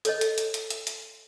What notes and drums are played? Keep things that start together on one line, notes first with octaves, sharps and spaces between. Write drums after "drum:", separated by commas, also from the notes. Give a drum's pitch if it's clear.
A4 C#5 D#5, drum: hi-hat
drum: hi-hat
drum: hi-hat
drum: hi-hat
drum: hi-hat
drum: hi-hat